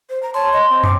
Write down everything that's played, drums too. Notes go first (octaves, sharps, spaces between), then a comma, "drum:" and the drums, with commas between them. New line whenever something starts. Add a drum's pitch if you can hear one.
C5
A#5
C#5 A5 C6
D#5
C4
D6, drum: tom